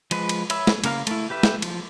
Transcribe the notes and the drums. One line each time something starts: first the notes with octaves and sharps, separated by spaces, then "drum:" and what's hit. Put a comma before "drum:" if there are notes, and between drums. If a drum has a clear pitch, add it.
F3 G#3 B4, drum: cymbal
drum: cymbal
C#5 E5 B5 E6, drum: cymbal
drum: snare
C#3 A#3 A#4 F5 F6, drum: cymbal
A3 E4, drum: cymbal
G4 B4 E5
drum: snare
F3, drum: cymbal